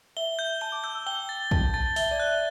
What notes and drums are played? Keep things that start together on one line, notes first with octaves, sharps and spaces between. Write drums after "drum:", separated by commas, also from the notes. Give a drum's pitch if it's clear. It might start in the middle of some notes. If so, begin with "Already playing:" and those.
E5 G7
G6
A5 G7
D6
E6 G6
E6
G5 G7
A6
A5 G7, drum: kick
A5 A6
E5 G7, drum: open hi-hat
D5
F#6
E5